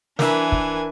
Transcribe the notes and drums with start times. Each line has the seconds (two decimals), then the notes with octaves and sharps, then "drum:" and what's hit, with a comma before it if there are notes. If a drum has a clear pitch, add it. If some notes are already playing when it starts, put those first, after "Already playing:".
0.19 E3 D4 A#4 E5 G#5, drum: snare
0.52 drum: kick